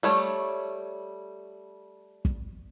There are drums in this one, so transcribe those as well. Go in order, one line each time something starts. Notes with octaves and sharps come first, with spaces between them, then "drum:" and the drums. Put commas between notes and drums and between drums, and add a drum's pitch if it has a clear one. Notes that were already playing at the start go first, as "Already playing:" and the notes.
G3 A3 C#5, drum: open hi-hat
drum: kick